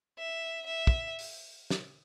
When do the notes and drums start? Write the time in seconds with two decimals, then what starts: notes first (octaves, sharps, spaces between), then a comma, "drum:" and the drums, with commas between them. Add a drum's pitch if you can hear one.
0.19 E5
0.66 E5
0.87 drum: kick
1.19 drum: open hi-hat
1.70 drum: snare